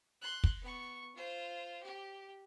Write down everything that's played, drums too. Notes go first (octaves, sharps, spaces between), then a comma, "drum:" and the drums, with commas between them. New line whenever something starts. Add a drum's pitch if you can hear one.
C6 F#6
drum: kick
B3 C#6
F4 C5
G4